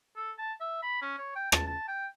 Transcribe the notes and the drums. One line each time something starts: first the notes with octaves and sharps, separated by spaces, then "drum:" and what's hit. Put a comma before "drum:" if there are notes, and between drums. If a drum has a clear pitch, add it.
A4
A5
E5
B5
C#4
C#5
G5
A5, drum: rim click
A5
G5